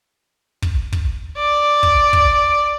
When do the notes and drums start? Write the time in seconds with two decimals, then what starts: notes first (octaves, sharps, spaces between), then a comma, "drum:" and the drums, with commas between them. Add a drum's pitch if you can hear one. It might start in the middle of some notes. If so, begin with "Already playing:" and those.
0.62 drum: kick
0.93 drum: kick
1.38 D5
1.83 drum: kick
2.13 drum: kick